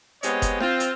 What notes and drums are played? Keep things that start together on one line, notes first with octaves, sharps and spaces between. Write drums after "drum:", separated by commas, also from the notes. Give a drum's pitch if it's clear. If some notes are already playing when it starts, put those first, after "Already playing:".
G#3 B3 C4 G4 C#5 D#5, drum: hi-hat
drum: kick F#1, hi-hat
C4 F4, drum: snare
drum: hi-hat